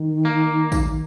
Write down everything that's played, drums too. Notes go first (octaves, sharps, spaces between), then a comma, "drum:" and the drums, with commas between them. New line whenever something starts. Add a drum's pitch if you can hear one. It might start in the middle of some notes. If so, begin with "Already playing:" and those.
Already playing: D#3
A#3
drum: kick, tambourine